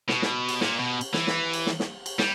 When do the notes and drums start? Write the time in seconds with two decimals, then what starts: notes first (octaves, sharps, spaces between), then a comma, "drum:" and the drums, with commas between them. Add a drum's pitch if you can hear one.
0.09 B2, drum: snare
0.22 drum: snare
0.49 drum: cymbal
0.61 A#2, drum: snare
0.79 B2
1.01 drum: cymbal
1.14 E3, drum: snare
1.27 drum: snare
1.53 drum: cymbal
1.66 drum: snare
1.80 drum: snare
2.06 drum: cymbal
2.19 G3, drum: snare